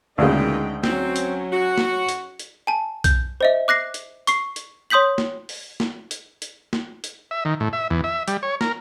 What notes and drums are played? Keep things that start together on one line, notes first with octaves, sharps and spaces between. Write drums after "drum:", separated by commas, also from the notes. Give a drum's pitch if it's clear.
D2 A#2 C#3 E3 G#3 D#4 G5
F#3 C4 C#4, drum: snare
drum: hi-hat
F#4
drum: snare
drum: hi-hat
drum: hi-hat
G#5 A5
G6, drum: kick B1, hi-hat
C5 D#5 E5
D6 F#6 A#6 C7
drum: hi-hat
C#6 C7, drum: hi-hat
drum: hi-hat
C#5 C6 D#6 G6 B6 F#7
drum: snare
drum: open hi-hat
drum: snare
drum: hi-hat
drum: hi-hat
drum: snare
drum: hi-hat
E5
D#3
A2
E5
E2
E5
G3, drum: hi-hat
C#5
A#4, drum: snare